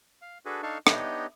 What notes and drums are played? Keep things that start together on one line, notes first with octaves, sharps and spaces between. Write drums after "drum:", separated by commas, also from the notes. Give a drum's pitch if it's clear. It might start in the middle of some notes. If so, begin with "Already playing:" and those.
F5
D4 F#4 G#4 A4 B4
D4 D#4 A4 F5 A5 C#6
B3 D4 D#4 G4 C#5 D#5, drum: rim click